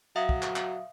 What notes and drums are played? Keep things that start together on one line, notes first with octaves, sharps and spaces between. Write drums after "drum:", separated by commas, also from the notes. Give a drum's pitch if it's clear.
F#3 E5 F5 D#6
drum: kick
drum: clap
drum: clap